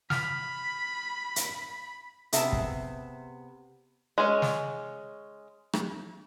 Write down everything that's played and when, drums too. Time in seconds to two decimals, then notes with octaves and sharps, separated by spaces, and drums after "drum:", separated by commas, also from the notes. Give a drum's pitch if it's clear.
0.10 B5 F6, drum: snare
1.36 drum: hi-hat
2.32 C3 B3 G#4 E5 A5, drum: hi-hat
2.53 drum: kick
4.18 G#3 C#4
4.42 drum: snare
5.73 drum: rim click